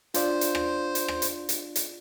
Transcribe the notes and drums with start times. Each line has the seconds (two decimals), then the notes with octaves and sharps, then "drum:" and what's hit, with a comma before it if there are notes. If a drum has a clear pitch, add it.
0.14 D4 F4 C5 D5 F5, drum: hi-hat
0.41 drum: hi-hat
0.55 drum: rim click
0.95 drum: hi-hat
1.08 drum: rim click
1.22 drum: hi-hat
1.49 drum: hi-hat
1.76 drum: hi-hat